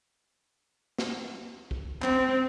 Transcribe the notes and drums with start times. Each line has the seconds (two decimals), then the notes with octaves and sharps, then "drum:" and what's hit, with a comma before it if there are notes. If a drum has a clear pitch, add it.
0.98 drum: snare
1.71 drum: kick
2.02 C4, drum: clap